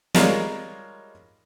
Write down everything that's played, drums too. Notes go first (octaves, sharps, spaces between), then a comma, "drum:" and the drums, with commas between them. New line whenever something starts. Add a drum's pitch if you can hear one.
G3 G#3 F4 A#4 C#5, drum: snare